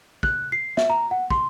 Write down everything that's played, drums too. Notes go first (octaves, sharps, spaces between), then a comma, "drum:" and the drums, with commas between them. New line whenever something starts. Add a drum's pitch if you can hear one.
F#6, drum: kick
C7
E5, drum: snare
A#5
F#5
C6, drum: kick